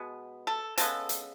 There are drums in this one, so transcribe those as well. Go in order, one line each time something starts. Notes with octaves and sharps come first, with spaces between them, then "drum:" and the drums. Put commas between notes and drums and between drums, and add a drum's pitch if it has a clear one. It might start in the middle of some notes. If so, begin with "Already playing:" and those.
Already playing: B2 G#3 B3
A4
C#3 G#3 B3 A4, drum: hi-hat
drum: hi-hat